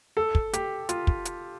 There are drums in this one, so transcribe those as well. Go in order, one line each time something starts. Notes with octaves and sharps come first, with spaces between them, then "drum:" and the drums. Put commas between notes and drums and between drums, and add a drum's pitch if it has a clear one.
A4
drum: kick
G4, drum: hi-hat
F4, drum: hi-hat
drum: kick
drum: hi-hat